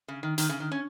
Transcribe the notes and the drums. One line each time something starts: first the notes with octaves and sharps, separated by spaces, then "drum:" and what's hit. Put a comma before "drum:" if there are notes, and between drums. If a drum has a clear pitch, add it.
C#3
D#3
D#3, drum: hi-hat
C#3
D#3
C#4